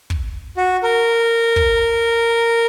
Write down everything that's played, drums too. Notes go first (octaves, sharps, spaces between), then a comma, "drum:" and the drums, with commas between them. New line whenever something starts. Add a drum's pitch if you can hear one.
drum: kick
F#4
A#4
drum: kick